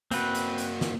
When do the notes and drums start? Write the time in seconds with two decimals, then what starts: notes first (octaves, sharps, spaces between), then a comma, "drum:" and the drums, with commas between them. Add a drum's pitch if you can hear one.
0.11 A#3 C4 F#4 B4, drum: hi-hat
0.35 drum: hi-hat
0.58 drum: hi-hat
0.81 drum: snare